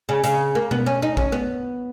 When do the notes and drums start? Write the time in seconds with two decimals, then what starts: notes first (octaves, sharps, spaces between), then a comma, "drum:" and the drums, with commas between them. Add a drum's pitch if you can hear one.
0.09 C#3
0.24 C#3, drum: hi-hat
0.55 A#3
0.71 B3, drum: tom B2
0.86 C#4
1.02 D#4
1.17 C#4, drum: kick A#1
1.32 B3